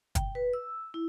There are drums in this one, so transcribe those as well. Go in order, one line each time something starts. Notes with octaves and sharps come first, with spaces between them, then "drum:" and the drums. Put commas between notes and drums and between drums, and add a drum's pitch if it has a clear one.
G5, drum: kick, hi-hat
B4
E6
E4